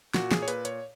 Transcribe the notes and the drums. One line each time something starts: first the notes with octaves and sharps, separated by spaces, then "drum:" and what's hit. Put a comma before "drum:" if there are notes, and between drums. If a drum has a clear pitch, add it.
A#2 F#4, drum: snare
G#4, drum: snare
C#5
A#2 B4, drum: hi-hat
C#5, drum: hi-hat